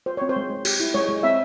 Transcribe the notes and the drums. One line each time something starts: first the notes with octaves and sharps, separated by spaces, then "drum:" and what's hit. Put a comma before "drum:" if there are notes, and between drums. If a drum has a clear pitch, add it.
F4 C5
C4 C#5
C5
G#3
G#3
G4, drum: cymbal
E4
G#3 C#5
G#3
C4 E5